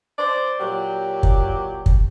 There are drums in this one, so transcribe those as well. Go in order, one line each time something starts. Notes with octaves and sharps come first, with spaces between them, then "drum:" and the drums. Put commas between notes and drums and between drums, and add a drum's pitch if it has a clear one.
C5 D5
A#2 F#3 G4
drum: kick
drum: kick